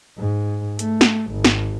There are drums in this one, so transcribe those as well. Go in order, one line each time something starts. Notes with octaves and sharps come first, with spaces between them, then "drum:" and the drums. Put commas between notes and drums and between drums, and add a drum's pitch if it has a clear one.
G#2
A3, drum: hi-hat
drum: snare
G#1
drum: snare